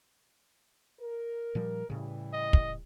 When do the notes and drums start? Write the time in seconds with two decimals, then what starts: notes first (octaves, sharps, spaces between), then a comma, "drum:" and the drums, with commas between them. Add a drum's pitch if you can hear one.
0.99 A#4
1.55 A#2 F3 G3
1.90 A2 C#3 E3 G3
2.33 D#5
2.53 drum: kick